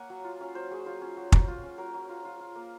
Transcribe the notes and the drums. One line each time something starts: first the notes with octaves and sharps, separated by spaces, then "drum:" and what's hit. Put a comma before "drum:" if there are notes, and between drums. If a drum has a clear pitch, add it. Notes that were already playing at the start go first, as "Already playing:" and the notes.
Already playing: A#3 C#5 F#5 G#5
F#3
F4
C#4 F5
F#3 C5
F#3 G#4
F4 C5
C#4
F#3
F#3, drum: kick
F4
C#4
F#3 A#4
F#3
F4
F4
F4
A#3